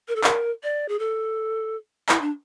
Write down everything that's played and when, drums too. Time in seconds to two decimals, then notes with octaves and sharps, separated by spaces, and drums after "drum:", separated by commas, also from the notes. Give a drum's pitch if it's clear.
0.08 A#4
0.16 A4
0.24 A#4, drum: clap
0.63 D5
0.89 G#4
0.99 A4
2.09 E4, drum: clap
2.21 D4